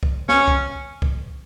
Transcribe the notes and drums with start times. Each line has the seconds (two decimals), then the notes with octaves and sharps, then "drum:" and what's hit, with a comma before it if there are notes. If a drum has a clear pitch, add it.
0.03 drum: kick C2
0.29 C#4, drum: snare
0.48 drum: kick C2
1.02 drum: kick C2